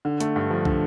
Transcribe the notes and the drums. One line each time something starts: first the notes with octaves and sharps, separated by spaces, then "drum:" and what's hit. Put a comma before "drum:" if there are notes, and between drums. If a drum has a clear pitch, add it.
D3
A3, drum: hi-hat
G2
F3
D3, drum: kick